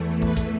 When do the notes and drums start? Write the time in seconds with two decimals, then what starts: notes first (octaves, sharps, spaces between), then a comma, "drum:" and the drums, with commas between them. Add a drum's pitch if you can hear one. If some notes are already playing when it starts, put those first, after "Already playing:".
Already playing: E2 E3 A3
0.22 B4, drum: kick
0.37 drum: kick, hi-hat